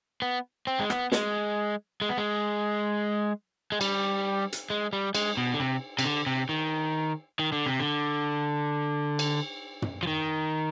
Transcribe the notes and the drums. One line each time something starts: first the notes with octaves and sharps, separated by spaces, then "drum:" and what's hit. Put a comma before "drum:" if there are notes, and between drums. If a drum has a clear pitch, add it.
B3
C4
G#3
B3, drum: rim click
G#3, drum: snare
G#3
B3
G#3
G#3
G3, drum: cymbal
drum: hi-hat
G#3
G3
G#3, drum: cymbal
B2
D3
C3
C3, drum: cymbal
D3
C3
D#3
D#3
D3
C3
D3
drum: cymbal
drum: tom
F3
D#3